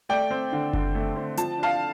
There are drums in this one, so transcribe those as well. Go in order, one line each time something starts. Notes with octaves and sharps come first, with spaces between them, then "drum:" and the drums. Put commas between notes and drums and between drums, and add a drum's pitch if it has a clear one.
A3 D5 G5
C4
D3
D3, drum: kick F#1
A3
C4
F3 A5, drum: hi-hat
D4 F5 A5